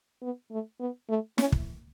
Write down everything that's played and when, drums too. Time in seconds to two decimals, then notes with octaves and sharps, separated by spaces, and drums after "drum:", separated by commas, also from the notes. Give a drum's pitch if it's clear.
0.22 B3
0.52 A3
0.80 B3
1.09 A3
1.38 C#4, drum: snare
1.52 drum: kick